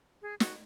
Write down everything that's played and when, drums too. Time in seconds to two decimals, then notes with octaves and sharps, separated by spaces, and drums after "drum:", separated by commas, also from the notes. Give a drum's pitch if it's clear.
0.22 G#4
0.40 F#4, drum: snare